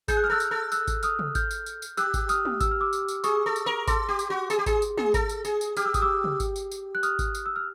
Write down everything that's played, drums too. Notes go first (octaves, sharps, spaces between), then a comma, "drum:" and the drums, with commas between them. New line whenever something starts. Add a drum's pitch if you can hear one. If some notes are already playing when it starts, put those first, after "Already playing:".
G#4 G6, drum: kick G#1, tambourine
F#6
F6
A4 E6 F#6
drum: tambourine
A4
E6 F#6, drum: tambourine
drum: kick G#1, tambourine
D#6 F6, drum: tambourine
drum: tom
F6 G6, drum: kick G#1, tambourine
drum: tambourine
drum: tambourine
drum: tambourine
G4 E6 F#6, drum: tambourine
drum: kick G#1, tambourine
D#6 F6, drum: tambourine
drum: tom
E6, drum: kick G#1, tambourine
F6
D6 E6
drum: tambourine
drum: tambourine
G#4 C#6 D#6, drum: tambourine
A4
drum: tambourine
A#4
A4 C6 D6, drum: kick G#1, tambourine
G4
drum: tambourine
F#4
G#4, drum: tambourine
G4
G#4, drum: kick G#1, tambourine
drum: tambourine
G#4, drum: tom
A4, drum: kick G#1, tambourine
drum: tambourine
G#4, drum: tambourine
drum: tambourine
G4 F6, drum: tambourine
E6
D#6, drum: kick G#1, tambourine
D6 E6
drum: tom C3
drum: kick G#1, tambourine
drum: tambourine
drum: tambourine
F#6
D#6 F6, drum: tambourine
drum: kick G#1, tambourine
drum: tambourine
E6
F6